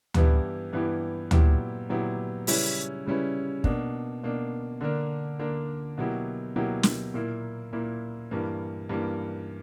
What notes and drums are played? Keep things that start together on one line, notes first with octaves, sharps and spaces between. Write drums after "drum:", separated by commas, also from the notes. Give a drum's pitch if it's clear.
G2 E3 B3 E4 G4, drum: tom D2
G2 E3 B3 E4 G4
A#2 F#3 B3 E4 G4, drum: tom D2
A#2 F#3 B3 E4 G4
C#3 G3 C#4 E4 B4, drum: open hi-hat
C#3 G3 C#4 E4 B4
B2 A#3 D4, drum: kick
B2 A#3 D4
D3 A#3 D4 A#4
D3 A#3 D4 A#4
B2 F#3 A#3 E4 G4
B2 F#3 A#3 E4 G4
drum: snare
A#2 A#3 E4
A#2 A#3 E4
G2 E3 A#3
G2 E3 A#3